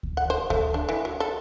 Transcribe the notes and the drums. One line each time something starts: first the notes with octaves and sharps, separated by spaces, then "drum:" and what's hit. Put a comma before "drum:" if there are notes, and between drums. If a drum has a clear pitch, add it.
drum: kick D2
F#5
C5
A3, drum: kick D2
D4
E3
F#3
A4